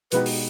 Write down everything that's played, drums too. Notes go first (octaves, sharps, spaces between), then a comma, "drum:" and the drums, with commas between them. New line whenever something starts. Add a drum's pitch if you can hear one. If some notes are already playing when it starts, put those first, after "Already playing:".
B2 G#3 B3 D#4 G4 B4, drum: hi-hat
drum: open hi-hat